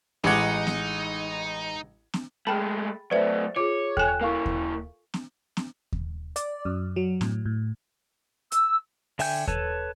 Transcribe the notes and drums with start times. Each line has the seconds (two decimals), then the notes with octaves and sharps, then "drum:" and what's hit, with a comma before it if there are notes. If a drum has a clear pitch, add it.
0.24 A1 G#3 D#4 F#5 D6 G#6
0.67 drum: snare
2.14 drum: snare
2.47 G#3 A3 G#4 G5 A5 B5
3.11 F#3 A3 B4 C5 D5 E5
3.56 F4 G#4 C#5 D6
3.97 A4 G5 G#5 F#6 E7, drum: kick D#2
4.21 A#3 E4 A#4 F5 C#6
4.46 drum: kick D#2
5.14 drum: snare
5.57 drum: snare
5.92 drum: kick D#2
6.36 D5, drum: hi-hat
6.65 F#2
6.96 F#3
7.21 A2, drum: snare
7.46 A2
8.52 E6, drum: hi-hat
9.19 D3 E5 G5 G#5 G6, drum: open hi-hat
9.48 A4 B4 C#5 A5, drum: kick D#2